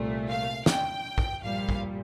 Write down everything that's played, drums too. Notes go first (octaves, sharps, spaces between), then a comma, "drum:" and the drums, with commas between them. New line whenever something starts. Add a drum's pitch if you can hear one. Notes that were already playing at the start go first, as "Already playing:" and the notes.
Already playing: C2 A#2 A3
F5
G5, drum: snare
drum: kick
A#1 A#2 G3 F5
drum: kick